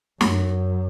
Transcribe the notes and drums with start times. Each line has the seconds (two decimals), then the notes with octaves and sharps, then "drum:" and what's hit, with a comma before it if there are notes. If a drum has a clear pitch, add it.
0.21 F#2, drum: snare